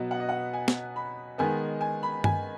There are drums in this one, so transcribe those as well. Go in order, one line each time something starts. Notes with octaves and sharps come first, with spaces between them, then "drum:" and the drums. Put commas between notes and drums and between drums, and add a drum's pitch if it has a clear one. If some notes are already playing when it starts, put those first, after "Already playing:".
Already playing: B2 F#3 B3 D#5
F#5
D#5
F#5
G#5
drum: snare
B5
D#3 G#3 B3 G#5
G#5
B5
G#5, drum: tom G2